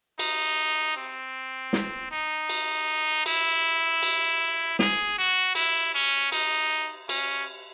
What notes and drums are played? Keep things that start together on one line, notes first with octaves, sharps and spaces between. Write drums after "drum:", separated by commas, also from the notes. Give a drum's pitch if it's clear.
D#4, drum: cymbal
C4
drum: snare
D#4
drum: cymbal
E4, drum: cymbal
drum: cymbal
G#4, drum: snare
F#4
E4, drum: cymbal
C#4
D#4, drum: cymbal
C#4, drum: cymbal